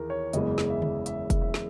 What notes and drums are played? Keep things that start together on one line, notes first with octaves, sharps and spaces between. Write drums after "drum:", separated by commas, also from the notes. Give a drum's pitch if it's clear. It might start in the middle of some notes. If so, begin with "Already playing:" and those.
Already playing: D#2 E3 G#4 A#4
C#5
F#1 E2 C#3 E3 G#3 D#5, drum: hi-hat
drum: snare
E5
drum: tom D3
E5, drum: hi-hat
drum: kick, hi-hat
E5
drum: snare